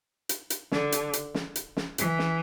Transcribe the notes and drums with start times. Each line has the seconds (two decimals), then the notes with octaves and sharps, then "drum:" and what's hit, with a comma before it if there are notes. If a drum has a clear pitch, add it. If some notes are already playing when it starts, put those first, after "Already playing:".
0.29 drum: hi-hat
0.50 drum: hi-hat
0.71 D3, drum: snare
0.92 drum: hi-hat
1.13 drum: hi-hat
1.34 drum: snare
1.56 drum: hi-hat
1.77 drum: snare
1.98 E3, drum: hi-hat
2.19 drum: snare